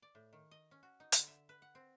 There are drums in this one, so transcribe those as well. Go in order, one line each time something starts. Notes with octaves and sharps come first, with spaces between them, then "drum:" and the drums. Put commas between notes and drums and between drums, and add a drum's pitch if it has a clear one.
D5
A2
D#3
D#5
C#4
F#4
D#4
D3, drum: hi-hat
E5
B4
F#5
C4